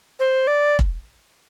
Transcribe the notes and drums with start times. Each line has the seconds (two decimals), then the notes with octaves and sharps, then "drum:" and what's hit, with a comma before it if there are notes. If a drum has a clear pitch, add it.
0.20 C5
0.47 D5
0.79 drum: kick